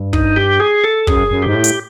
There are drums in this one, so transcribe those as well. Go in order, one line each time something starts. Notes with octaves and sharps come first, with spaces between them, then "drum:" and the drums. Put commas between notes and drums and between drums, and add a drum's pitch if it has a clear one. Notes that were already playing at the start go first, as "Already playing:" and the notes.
Already playing: G2
D#4, drum: kick
G4
G#4
A4
F#2 G#4, drum: kick
F#2
G#2 G4
A2
drum: hi-hat